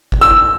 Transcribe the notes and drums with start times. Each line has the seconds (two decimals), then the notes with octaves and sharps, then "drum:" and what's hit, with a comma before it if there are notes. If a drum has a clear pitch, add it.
0.12 drum: kick G1
0.21 E6